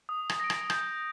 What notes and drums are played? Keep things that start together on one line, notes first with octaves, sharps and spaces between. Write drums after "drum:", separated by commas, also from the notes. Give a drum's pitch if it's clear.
D#6
drum: rim click
A#6 D7
drum: rim click
G6, drum: rim click